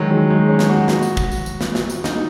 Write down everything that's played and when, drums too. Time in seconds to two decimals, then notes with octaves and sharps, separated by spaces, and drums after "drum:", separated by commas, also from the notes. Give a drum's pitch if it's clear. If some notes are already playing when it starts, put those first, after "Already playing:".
Already playing: D#3 F#3 G#3
0.11 F#3
0.30 G#3
0.49 C#4
0.59 drum: snare
0.69 F#4
0.88 drum: snare
1.03 drum: tambourine
1.17 drum: kick, tambourine
1.32 drum: tambourine
1.46 drum: tambourine
1.61 drum: snare
1.75 drum: snare
1.90 drum: tambourine
2.04 D#4, drum: snare